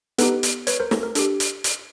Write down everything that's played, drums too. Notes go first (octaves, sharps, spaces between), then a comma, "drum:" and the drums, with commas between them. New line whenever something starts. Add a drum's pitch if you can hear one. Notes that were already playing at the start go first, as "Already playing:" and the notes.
B3 D#4 G4 A4 B4, drum: hi-hat
drum: hi-hat
B4 C#5, drum: hi-hat
A#4 C5
A4, drum: snare
A#4
D4 G4 A4, drum: hi-hat
drum: hi-hat
drum: hi-hat